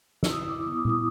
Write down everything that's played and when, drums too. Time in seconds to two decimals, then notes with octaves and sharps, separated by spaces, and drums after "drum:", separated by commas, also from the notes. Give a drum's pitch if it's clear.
0.23 E6, drum: snare
0.30 E4 D#6
0.49 E4 D6
0.67 B3 D#6
0.78 D6
0.85 E4 D#6, drum: tom A#2